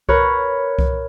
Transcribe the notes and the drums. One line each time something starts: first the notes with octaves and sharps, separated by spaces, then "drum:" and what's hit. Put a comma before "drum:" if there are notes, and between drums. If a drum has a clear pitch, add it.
A#4 B4 C#5, drum: kick C2
drum: kick C2